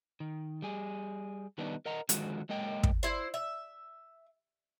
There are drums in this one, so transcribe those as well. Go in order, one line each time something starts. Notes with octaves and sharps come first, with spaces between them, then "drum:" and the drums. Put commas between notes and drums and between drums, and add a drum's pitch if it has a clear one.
D#3
G3 G#4
D#3 G3 B3 D4 D#4
A#4 D#5 F#5 A#5
D3 D#3 F3 G#3 F#4, drum: hi-hat
F#3 G#3 A#3 D#5 G5
drum: kick
E4 C5
E5